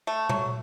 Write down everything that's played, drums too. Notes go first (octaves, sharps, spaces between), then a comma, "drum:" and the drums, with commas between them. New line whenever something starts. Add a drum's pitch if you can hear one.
A3
F#3, drum: tom A#2